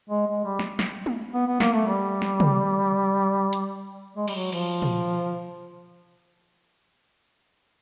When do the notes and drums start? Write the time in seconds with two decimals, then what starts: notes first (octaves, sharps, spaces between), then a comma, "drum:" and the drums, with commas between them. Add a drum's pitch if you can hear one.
0.10 G#3
0.27 G#3
0.45 G3
0.59 drum: snare
0.79 drum: snare
1.06 drum: tom
1.34 B3
1.47 B3
1.60 A#3, drum: snare
1.73 A3
1.87 G3
2.22 drum: snare
2.40 drum: tom
3.53 drum: hi-hat
4.17 G#3
4.28 G3, drum: cymbal
4.35 F#3
4.52 F3, drum: cymbal
4.82 drum: tom A#2